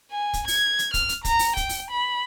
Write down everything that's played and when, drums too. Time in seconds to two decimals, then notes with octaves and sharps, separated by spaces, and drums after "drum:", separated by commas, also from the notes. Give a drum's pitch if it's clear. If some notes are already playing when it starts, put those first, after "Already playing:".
0.11 G#5
0.33 drum: kick, hi-hat
0.48 G#6, drum: open hi-hat
0.79 drum: hi-hat
0.94 F6, drum: kick, hi-hat
1.09 drum: hi-hat
1.25 A#5, drum: kick, hi-hat
1.39 drum: open hi-hat
1.57 G5, drum: kick, hi-hat
1.69 drum: open hi-hat
1.91 B5